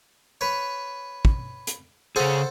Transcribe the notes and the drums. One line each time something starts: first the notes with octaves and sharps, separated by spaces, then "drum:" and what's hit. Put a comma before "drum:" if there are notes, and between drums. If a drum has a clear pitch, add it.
B4 C#5
drum: kick
drum: hi-hat
C#3 G#4 A4 C5 F#5